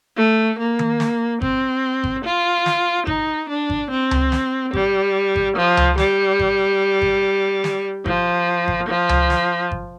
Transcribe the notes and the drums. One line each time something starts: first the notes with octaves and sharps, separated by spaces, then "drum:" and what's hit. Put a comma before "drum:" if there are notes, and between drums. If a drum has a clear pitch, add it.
A3
A#3
drum: tom D#3
drum: snare
C4, drum: kick G#1
drum: kick G#1
F4
drum: snare
D#4, drum: kick G#1
D4
drum: kick G#1
C4
drum: tom C#2
drum: snare
G3, drum: kick G#1
drum: kick G#1
F3
drum: tom C#2
G3, drum: snare
drum: kick G#1
drum: kick G#1
drum: snare
F3, drum: kick G#1
drum: kick G#1
F3
drum: tom C#2
drum: snare
drum: kick G#1